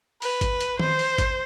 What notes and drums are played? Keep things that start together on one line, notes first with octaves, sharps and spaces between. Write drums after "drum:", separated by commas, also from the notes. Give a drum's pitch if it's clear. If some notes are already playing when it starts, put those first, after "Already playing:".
B4, drum: open hi-hat
drum: kick G#1, hi-hat
drum: hi-hat
C5, drum: tom D#3
drum: open hi-hat
drum: kick G#1, hi-hat